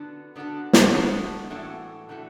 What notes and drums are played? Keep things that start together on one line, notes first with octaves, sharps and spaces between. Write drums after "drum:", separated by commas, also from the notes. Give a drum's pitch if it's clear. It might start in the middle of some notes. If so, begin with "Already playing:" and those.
Already playing: D3 B3 D4 F#4 A4
D3 B3 D4 F#4 A4
drum: snare
D3 B3 D4 F#4 A4
A2 E3 D4 F#4 A4
A2 E3 D4 F#4 A4